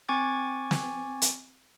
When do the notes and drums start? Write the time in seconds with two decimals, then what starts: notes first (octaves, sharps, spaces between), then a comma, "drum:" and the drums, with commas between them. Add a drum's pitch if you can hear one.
0.09 C4 G#5 C#6 D6 G#6 A6
0.71 drum: snare
1.22 drum: hi-hat